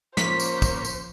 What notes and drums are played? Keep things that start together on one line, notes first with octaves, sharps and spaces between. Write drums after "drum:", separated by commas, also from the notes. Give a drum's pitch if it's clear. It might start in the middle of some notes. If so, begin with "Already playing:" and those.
F3 A#3 C#4 C5 B6, drum: snare
drum: tambourine
drum: kick, tambourine
drum: tambourine